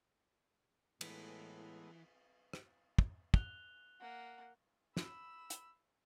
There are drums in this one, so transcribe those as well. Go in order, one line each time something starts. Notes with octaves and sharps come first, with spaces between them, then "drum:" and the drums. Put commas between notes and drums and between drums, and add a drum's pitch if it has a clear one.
A2 E3 G#3 A3 B3, drum: cymbal
drum: rim click
drum: kick
F#6 F7 G7, drum: kick
A#3 F#5
B5 E6, drum: snare
drum: hi-hat